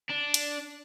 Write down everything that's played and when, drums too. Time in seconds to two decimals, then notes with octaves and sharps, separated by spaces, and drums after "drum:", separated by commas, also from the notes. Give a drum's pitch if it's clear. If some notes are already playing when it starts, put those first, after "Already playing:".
0.10 D4
0.34 drum: hi-hat